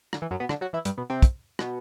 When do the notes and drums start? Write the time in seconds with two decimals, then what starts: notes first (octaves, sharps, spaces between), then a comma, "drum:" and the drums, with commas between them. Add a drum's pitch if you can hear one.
0.13 D3, drum: rim click
0.22 E3
0.31 F#2 F#3
0.40 B2 B3
0.49 D3 D4, drum: rim click
0.61 F#3 F#4
0.73 E3 E4
0.85 G2 G3, drum: hi-hat
0.98 B2 B3
1.10 C3 C4
1.22 drum: kick, hi-hat
1.59 B2 B3, drum: rim click